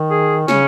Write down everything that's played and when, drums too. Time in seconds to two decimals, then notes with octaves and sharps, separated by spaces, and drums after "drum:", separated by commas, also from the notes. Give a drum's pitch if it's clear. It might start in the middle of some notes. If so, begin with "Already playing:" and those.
Already playing: D#3
0.11 G#4
0.48 C#3 C#4, drum: snare